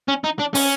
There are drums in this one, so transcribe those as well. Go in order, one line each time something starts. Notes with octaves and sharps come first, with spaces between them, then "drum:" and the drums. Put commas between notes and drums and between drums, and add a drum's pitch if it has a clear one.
C#4
D#4
D4
C#4, drum: open hi-hat